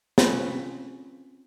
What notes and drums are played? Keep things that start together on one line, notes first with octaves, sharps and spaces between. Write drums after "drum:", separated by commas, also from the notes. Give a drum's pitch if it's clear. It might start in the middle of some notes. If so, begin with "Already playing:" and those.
C4 C#4 F4 B4 B5, drum: snare